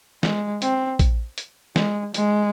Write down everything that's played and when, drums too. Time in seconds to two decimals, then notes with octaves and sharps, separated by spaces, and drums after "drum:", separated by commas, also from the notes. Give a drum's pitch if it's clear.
0.23 G#3, drum: snare
0.62 C4, drum: hi-hat
0.99 drum: kick A#1, hi-hat
1.38 drum: hi-hat
1.76 G#3, drum: snare
2.14 G#3, drum: hi-hat